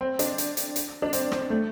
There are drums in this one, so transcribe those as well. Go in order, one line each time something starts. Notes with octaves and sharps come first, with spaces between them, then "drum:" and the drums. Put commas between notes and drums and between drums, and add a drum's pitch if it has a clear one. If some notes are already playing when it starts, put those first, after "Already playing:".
C4
D4, drum: hi-hat
drum: hi-hat
drum: hi-hat
drum: hi-hat
D4
C4, drum: hi-hat
C4, drum: rim click
A3